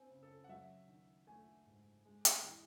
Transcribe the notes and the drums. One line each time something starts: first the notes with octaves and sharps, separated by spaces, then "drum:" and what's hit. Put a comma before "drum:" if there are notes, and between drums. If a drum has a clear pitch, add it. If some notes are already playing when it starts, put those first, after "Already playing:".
Already playing: C4 G#5
C#3
A4
F#5
F#3 E5
D#3
A3 G#5
G#2
G#3
drum: hi-hat
E3